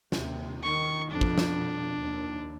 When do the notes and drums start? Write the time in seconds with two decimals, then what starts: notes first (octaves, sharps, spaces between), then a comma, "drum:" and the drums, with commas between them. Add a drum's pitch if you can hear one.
0.12 D#2 C3, drum: snare
0.63 D#3 C#6
1.11 F2 B2 D4
1.21 drum: kick
1.38 drum: snare
1.95 D#2